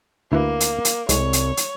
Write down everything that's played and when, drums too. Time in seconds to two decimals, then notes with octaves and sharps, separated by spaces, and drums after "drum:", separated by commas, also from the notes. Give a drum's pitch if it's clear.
0.32 D2 A#3 E4 B4
0.60 drum: hi-hat
0.85 drum: hi-hat
1.09 C2 G#3 C#5, drum: hi-hat
1.33 drum: hi-hat
1.57 drum: hi-hat